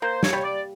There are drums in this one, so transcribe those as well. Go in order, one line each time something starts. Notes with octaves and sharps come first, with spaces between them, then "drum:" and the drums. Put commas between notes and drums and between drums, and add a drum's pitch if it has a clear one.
A#3 C5
C#5, drum: snare
G3 C#5
D5